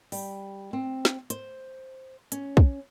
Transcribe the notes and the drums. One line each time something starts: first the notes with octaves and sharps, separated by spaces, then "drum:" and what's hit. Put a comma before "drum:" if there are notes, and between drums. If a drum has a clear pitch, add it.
G3, drum: open hi-hat
C4
drum: snare
C5, drum: hi-hat
C#4, drum: hi-hat
drum: kick